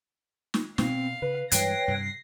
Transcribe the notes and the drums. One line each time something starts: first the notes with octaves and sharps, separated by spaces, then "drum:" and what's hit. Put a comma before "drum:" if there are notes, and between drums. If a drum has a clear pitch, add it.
drum: snare
B2 C4 F5, drum: snare
C#3 B4
G2 E3 G#3 B4 C#5 G5 A#6 C7, drum: hi-hat
G2 C3